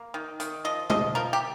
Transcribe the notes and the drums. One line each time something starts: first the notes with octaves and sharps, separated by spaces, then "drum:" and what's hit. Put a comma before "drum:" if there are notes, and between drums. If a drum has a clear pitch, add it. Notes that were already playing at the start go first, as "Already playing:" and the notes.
Already playing: A#3
D#3
D#3, drum: hi-hat
F3 D#5
F3 D#5, drum: tom B2
F3 A#4
G4